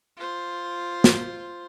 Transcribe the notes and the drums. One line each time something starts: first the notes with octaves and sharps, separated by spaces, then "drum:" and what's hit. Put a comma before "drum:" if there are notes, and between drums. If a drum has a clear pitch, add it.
F4 C5
drum: snare